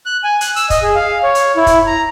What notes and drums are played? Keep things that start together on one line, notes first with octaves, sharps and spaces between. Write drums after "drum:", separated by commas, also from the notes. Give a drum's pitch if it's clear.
F#6
G#5
F#6, drum: hi-hat
E6, drum: hi-hat
D#5, drum: kick, hi-hat
G#4
F5
C#5
drum: hi-hat
E4
drum: kick, hi-hat
A#5